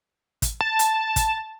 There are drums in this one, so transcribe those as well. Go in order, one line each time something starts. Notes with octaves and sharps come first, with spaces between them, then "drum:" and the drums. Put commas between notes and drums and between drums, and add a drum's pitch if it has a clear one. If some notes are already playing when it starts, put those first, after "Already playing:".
drum: kick, hi-hat
A5
drum: hi-hat
drum: kick, hi-hat